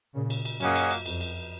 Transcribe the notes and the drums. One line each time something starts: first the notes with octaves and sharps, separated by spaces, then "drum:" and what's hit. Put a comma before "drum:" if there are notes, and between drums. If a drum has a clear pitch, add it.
A#2 C#3
drum: cymbal
drum: cymbal
F#2 A#3 C#4 G#4 D#5 F#5, drum: cymbal
drum: cymbal
drum: cymbal
F2, drum: cymbal
drum: cymbal